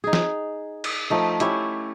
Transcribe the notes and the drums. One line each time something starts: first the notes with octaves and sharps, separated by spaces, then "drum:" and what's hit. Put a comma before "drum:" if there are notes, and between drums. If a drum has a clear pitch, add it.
D#4 G#4
drum: snare
drum: cymbal
F3 A3 D#4
C#4 E4 G4, drum: hi-hat